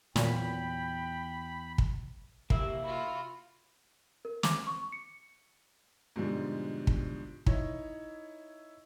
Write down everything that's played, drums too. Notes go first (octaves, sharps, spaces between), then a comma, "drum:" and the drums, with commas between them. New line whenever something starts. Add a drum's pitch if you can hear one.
E2 A#2 F#3 G5 B5, drum: snare
drum: kick
C3 A#3 E4, drum: kick
F4 F#4 B5
A#4
D6, drum: snare
C#6
C#7
G#2 B2 D3 F3 G3
drum: kick
D#4 E4 C#5, drum: kick